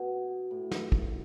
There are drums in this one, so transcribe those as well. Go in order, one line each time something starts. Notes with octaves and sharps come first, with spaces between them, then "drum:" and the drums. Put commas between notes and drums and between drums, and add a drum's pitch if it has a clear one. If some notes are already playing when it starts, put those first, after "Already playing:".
Already playing: B2
A2
G2, drum: snare
F#2, drum: kick